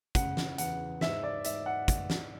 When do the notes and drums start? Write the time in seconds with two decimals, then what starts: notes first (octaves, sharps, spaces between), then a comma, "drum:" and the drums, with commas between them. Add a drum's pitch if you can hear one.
0.15 C#3 F#5, drum: kick, hi-hat
0.37 drum: snare
0.58 E2 F#5, drum: hi-hat
1.01 G#2 E5, drum: snare
1.23 D5
1.44 G#2 E5, drum: hi-hat
1.66 F#5
1.88 drum: kick, hi-hat
2.10 drum: snare